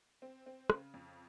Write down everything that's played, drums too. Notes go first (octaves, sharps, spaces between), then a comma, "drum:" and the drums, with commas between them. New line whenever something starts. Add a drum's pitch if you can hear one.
C4
C4
C#3, drum: rim click
F2